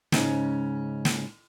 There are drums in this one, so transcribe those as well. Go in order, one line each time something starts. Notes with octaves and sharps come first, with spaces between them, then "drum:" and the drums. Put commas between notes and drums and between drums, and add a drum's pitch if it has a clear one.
G#2 C#3 C#4, drum: snare
drum: snare